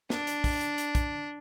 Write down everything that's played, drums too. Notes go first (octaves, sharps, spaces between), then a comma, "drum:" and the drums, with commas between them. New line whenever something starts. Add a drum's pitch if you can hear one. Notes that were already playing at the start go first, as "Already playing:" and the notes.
D4, drum: snare
drum: hi-hat
drum: kick, open hi-hat
drum: hi-hat
drum: hi-hat
drum: kick, hi-hat